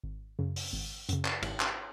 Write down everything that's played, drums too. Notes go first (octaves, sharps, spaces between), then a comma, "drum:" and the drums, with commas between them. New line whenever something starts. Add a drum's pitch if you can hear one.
G#1
F#2 C#3
drum: open hi-hat
G#1
F#2 C#3, drum: hi-hat
drum: clap
G#1, drum: cymbal
drum: clap